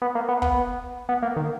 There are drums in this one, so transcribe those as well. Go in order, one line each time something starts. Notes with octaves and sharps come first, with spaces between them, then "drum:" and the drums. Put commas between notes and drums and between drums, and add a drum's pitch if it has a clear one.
B3
A#3
B3
B3, drum: kick
B3
A#3
D#3